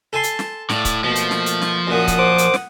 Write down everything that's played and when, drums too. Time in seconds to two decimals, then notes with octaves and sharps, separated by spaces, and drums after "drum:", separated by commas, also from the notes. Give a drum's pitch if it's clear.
0.13 A4 G#5 A5 C6
0.23 drum: hi-hat
0.39 drum: snare
0.69 A2 D5 F5, drum: snare
0.85 drum: kick C#1, hi-hat
1.04 B2 F3 A3 A#3
1.16 drum: hi-hat
1.31 drum: snare
1.46 drum: hi-hat
1.62 drum: snare
1.87 F#2 A#2 F#5 D#6
2.08 drum: kick C#1, hi-hat
2.19 C5 D6
2.38 drum: hi-hat
2.54 drum: snare